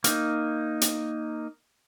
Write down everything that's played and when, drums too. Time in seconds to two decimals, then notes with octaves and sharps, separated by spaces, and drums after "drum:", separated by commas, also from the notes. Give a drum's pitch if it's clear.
0.04 A#3 D#4, drum: hi-hat
0.81 drum: hi-hat